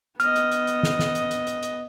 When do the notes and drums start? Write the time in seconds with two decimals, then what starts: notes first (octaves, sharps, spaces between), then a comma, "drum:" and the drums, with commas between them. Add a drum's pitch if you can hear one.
0.20 B3 D#5 F6, drum: hi-hat
0.36 drum: hi-hat
0.51 drum: hi-hat
0.67 drum: hi-hat
0.83 drum: snare
0.99 drum: snare
1.15 drum: hi-hat
1.31 drum: hi-hat
1.47 drum: hi-hat
1.63 drum: hi-hat